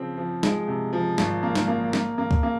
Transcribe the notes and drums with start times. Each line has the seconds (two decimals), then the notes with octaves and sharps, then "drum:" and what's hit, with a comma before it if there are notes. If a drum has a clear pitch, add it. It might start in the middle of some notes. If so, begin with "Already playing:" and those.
Already playing: C#3 F3 C4
0.18 F3
0.43 G#3, drum: snare
0.68 C3
0.93 F3
1.18 G#1, drum: snare
1.43 A#3
1.55 drum: snare
1.68 A#3
1.93 A#3, drum: snare
2.18 A#3
2.31 drum: kick
2.43 A#3